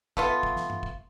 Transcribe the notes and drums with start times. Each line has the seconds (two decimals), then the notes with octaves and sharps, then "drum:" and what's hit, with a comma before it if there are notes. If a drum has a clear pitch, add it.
0.17 A3 B3 F4, drum: kick
0.43 drum: kick
0.56 drum: snare
0.70 drum: tom G2
0.83 drum: kick